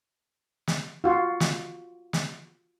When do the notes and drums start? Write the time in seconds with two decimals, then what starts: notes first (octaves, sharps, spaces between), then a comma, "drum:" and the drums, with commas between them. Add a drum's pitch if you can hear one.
0.68 drum: snare
1.04 F4 F#4
1.40 drum: snare
2.13 drum: snare